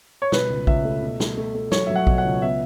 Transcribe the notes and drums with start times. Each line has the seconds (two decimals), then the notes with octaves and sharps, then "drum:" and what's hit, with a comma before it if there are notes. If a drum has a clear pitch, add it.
0.22 C#5
0.32 B2 B4, drum: snare
0.50 C#2
0.67 C#2 E5, drum: kick A#1
0.85 A3
1.02 B2
1.20 A3, drum: snare
1.37 A3
1.55 A3
1.72 F#3 C#5, drum: snare
1.87 F#3 E5
1.96 F#5
2.07 B2, drum: kick A#1
2.18 F#5
2.25 C#2
2.42 B3 E5